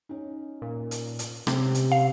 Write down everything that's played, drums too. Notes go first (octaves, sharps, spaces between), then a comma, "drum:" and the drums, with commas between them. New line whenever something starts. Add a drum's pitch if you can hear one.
C#4 D#4
A#2
drum: hi-hat
drum: hi-hat
C3 C4 C#4, drum: rim click
drum: hi-hat
F5